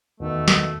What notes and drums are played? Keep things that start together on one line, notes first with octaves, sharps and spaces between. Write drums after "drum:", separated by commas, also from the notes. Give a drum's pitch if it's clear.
E2 B2 D#3 A3
drum: snare